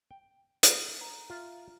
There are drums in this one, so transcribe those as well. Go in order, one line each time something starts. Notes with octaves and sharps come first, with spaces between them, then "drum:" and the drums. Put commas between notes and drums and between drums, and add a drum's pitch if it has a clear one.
G5
drum: hi-hat
A#5
F4 E5